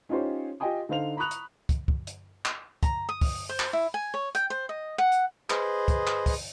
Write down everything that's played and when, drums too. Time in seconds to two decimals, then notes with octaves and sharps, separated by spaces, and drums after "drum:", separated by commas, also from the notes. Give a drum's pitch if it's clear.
0.09 C#4 D#4 F4 G4 C5 C#5
0.60 F4 G4 D#5 G5 G#5 D#6
0.89 D3 D#4 C5 F5 F7
1.17 A#5 B5 C#6 D#6 F#6 F7
1.31 drum: hi-hat
1.69 drum: kick, hi-hat
1.88 drum: kick
2.07 drum: hi-hat
2.45 drum: clap
2.83 A#5, drum: kick, hi-hat
3.09 D#6
3.21 drum: kick, open hi-hat
3.49 C5
3.60 drum: clap
3.73 E4
3.94 G#5
4.14 C#5
4.35 G5, drum: hi-hat
4.50 C5
4.69 D#5
4.98 F#5
5.12 drum: hi-hat
5.50 G#4 B4 C5 D#5, drum: clap
5.88 drum: kick, hi-hat
6.07 drum: clap
6.26 drum: kick, open hi-hat